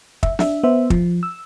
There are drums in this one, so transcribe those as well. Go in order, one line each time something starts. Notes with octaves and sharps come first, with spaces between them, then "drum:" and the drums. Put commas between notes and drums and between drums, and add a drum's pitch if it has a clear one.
E5, drum: kick
D4 E5, drum: snare
B3 C5 E5
F3, drum: kick
E6